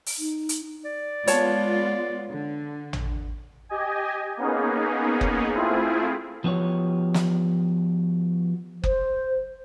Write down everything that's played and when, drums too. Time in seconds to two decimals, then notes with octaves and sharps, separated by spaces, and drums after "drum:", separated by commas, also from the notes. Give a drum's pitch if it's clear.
0.06 drum: open hi-hat
0.19 D#4
0.49 drum: hi-hat
0.85 D5
1.27 G#3 B3 F4 C#5 A5, drum: hi-hat
2.30 D3
2.93 drum: tom A1
3.69 G4 D#5 G#5
4.37 A#3 B3 C#4 D#4 G#4
5.21 drum: kick F#1
5.53 A3 C4 E4 F4 G#4
6.44 F3 B3 F#4 G4 C#5
7.14 drum: snare
8.84 C5, drum: kick F#1